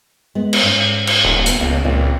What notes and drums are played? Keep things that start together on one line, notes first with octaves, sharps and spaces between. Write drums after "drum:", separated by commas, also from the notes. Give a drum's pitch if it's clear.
G#3 B3
drum: cymbal
G#2 C#4
drum: cymbal
D#1
A#3 B3 D4, drum: hi-hat
C#2
C#2 A#2 C4 D5